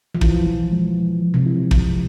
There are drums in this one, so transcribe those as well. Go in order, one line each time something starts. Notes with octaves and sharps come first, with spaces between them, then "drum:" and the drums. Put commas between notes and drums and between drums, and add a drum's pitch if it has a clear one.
F3
E3 E4, drum: kick
F3
G#3
F3
F3
C3
E4
F3, drum: kick